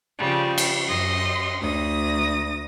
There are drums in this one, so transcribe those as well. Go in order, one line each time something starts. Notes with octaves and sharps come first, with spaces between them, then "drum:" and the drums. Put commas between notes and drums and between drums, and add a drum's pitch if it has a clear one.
C#3 F3 G3
drum: cymbal
F#2 D#5 C6
D2 D#6 A#6